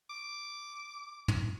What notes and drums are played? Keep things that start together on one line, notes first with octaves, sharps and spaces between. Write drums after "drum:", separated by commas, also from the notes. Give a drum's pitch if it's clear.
D6
drum: tom